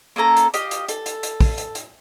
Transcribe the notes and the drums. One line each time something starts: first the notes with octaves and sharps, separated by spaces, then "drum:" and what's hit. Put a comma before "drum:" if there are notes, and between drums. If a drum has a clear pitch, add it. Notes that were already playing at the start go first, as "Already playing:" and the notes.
A#3 C#4 A4 A#5
drum: hi-hat
G4 D#5 F5, drum: hi-hat
drum: hi-hat
A4, drum: hi-hat
drum: hi-hat
drum: hi-hat
drum: kick, open hi-hat
drum: hi-hat
drum: hi-hat